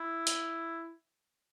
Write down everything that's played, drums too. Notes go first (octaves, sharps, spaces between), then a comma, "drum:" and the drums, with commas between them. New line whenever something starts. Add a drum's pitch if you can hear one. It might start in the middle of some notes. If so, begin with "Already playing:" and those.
Already playing: E4
drum: hi-hat